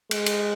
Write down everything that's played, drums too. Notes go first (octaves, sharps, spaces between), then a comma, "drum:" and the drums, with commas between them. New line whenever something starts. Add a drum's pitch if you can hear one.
G#3, drum: cymbal
drum: cymbal